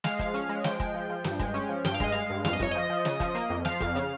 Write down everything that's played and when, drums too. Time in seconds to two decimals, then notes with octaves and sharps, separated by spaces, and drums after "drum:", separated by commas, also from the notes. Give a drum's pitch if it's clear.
0.04 G#3 F5, drum: snare
0.19 F3, drum: kick, hi-hat
0.34 C#4, drum: hi-hat
0.49 G#3
0.64 F3 G5, drum: snare
0.80 G#3, drum: kick, hi-hat
0.94 F3
1.10 F3
1.24 G2, drum: snare
1.39 G#3, drum: kick, hi-hat
1.54 C#4, drum: hi-hat
1.69 F3
1.85 G2 G5, drum: snare
1.94 F5
2.00 G#3 D#5, drum: kick, hi-hat
2.12 G#3 F5, drum: hi-hat
2.30 G2
2.45 F2 F5, drum: snare
2.53 D#5
2.60 F2 C#5, drum: kick, hi-hat
2.71 F3 D#5
2.90 F3
3.05 C#3, drum: snare
3.20 F3, drum: kick, hi-hat
3.35 A#3, drum: hi-hat
3.50 F2
3.65 F3 F5, drum: snare
3.81 F2, drum: kick, hi-hat
3.95 C#3, drum: hi-hat